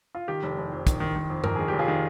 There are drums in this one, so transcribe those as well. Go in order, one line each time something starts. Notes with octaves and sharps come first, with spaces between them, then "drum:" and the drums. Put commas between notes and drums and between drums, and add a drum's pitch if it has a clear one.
F4
D#3 G4
F1
F1
F2
D#3, drum: kick, hi-hat
D#3
D#3
F2
F2 A#4, drum: tom G2
D#3 G#4
F1 G4
F4 G#4
D#3